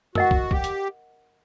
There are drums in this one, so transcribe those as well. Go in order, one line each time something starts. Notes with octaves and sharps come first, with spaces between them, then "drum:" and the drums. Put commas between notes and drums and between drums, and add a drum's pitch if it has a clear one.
F#4 A#4 D#5 F#5, drum: tom
drum: kick
G4, drum: kick
drum: hi-hat